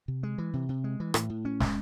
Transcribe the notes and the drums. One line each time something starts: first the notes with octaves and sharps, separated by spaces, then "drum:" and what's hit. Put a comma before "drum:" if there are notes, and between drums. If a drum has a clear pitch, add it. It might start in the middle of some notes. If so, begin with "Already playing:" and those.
C3
G#3
E3
C3
C3
G#3
E3
A2, drum: rim click
A2
C#4
G#3, drum: snare